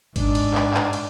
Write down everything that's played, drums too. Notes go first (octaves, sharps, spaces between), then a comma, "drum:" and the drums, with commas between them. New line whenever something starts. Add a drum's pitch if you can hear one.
G#2 D4, drum: kick G#1, cymbal
drum: cymbal
drum: clap
drum: clap
drum: cymbal